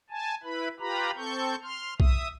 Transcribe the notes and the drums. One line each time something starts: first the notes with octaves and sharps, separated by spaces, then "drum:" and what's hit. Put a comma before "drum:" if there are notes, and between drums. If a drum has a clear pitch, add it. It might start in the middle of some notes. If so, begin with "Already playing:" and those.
G#5 A5
E4 B4 B5
F4 G4 B4 A#5 B5
C4 A4 C#6 G6
C6 F6
E5 D#6, drum: kick B1